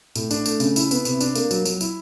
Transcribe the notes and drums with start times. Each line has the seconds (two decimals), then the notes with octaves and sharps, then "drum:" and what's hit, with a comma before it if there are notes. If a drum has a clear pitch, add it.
0.15 A2, drum: tambourine
0.31 D4, drum: tambourine
0.46 A3, drum: tambourine
0.60 C#3, drum: tambourine
0.76 E4, drum: tambourine
0.91 B3, drum: tambourine
1.05 C3, drum: tambourine
1.20 D4, drum: tambourine
1.35 A#3, drum: tambourine
1.51 F#3, drum: tambourine
1.65 F#3, drum: tambourine
1.81 E4, drum: tambourine